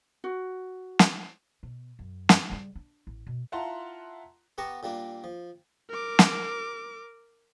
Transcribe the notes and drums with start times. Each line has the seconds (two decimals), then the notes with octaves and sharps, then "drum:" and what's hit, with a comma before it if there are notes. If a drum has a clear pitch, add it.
0.24 F#4
0.99 drum: snare
1.63 B2
1.99 F#2
2.29 drum: snare
2.50 C#3 G3
2.76 D4
3.07 A1
3.27 B2
3.52 E4 F4 F#5 A5 A#5 C6
4.58 B3 G4 F#5 A5 A#5 C#6
4.83 A#2 G3 A#3 D4
5.24 F3
5.90 A#4 D6
6.19 drum: snare